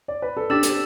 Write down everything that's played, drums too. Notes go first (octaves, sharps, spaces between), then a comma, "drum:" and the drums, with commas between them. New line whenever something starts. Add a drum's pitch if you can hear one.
D5
B4
A4
D4 G4 E6 A6 E7
drum: hi-hat